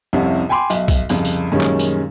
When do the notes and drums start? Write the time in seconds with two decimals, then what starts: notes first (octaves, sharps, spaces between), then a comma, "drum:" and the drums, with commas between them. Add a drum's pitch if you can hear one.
0.13 C2 F2 C3 C#4 E4 F#5
0.49 G5 G#5 B5 C6 D6
0.70 B1 E5, drum: tambourine
0.88 drum: kick B1, tambourine
1.09 C2 F2 C#3, drum: tambourine
1.25 drum: tambourine
1.52 F#2 A#2 D#3 G3 G#3 C#4
1.61 drum: clap
1.79 drum: tambourine